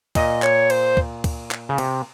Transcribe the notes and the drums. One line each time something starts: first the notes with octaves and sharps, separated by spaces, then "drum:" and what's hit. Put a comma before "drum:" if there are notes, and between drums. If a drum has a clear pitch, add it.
A#2 D#5, drum: kick, cymbal
C#5, drum: clap
C5, drum: cymbal
drum: kick
drum: kick, cymbal
drum: clap
C#3
C3, drum: cymbal